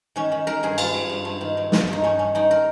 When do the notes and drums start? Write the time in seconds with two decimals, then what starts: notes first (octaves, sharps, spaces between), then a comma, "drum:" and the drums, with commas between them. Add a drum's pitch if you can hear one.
0.16 D#3 C#4
0.32 D#3
0.47 D#3 A#4
0.63 G2 G#4
0.78 G2 F4, drum: cymbal
0.94 G3
1.09 G2
1.25 G2
1.41 D#3
1.57 G2
1.72 G2, drum: snare
1.87 G2
1.93 D#4
2.04 G2 C#4
2.19 D#3 C#4
2.35 G2 D#4
2.51 A#4